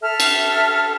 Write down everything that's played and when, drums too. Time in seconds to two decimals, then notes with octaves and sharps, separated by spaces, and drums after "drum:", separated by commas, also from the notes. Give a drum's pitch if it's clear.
0.02 A4 E5 A5 F6
0.20 drum: cymbal